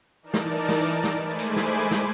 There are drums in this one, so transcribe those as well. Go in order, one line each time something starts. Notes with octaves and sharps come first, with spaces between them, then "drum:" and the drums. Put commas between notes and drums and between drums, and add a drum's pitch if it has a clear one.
E3 D#4 A#4 D5 A5
drum: snare
drum: snare
drum: snare
G#3 A3 C5 G#5 B5 D6
drum: hi-hat
drum: snare
drum: snare